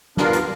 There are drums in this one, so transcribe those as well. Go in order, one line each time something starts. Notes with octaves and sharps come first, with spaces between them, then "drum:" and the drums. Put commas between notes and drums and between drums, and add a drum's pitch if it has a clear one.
B3 D4 F4 A#4 F5, drum: snare
drum: hi-hat